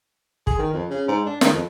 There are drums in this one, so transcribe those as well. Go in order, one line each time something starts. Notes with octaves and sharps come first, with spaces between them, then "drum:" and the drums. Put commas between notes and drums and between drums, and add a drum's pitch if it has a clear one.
G#4, drum: kick
D#3
F2
C#3
G#2
D4
D#3, drum: snare
F2